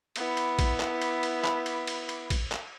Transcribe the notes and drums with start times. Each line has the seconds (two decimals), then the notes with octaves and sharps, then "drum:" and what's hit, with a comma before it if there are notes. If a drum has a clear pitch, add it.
0.16 B3 E4, drum: cymbal
0.37 drum: cymbal
0.59 drum: kick, cymbal
0.80 drum: clap
1.02 drum: cymbal
1.23 drum: cymbal
1.44 drum: clap
1.66 drum: cymbal
1.87 drum: cymbal
2.09 drum: cymbal
2.30 drum: kick, cymbal
2.52 drum: clap